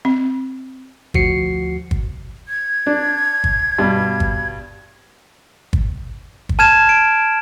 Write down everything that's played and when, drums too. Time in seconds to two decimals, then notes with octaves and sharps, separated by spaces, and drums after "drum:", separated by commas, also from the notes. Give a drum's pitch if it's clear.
0.05 C4
1.14 D2 F3 F#4 C7 C#7, drum: kick
1.91 drum: kick
2.48 G#6
2.87 D4
3.44 drum: kick
3.78 G2 B2
4.20 drum: kick
5.73 drum: kick
6.49 drum: kick
6.59 A5 F6 G#6 E7
6.89 D7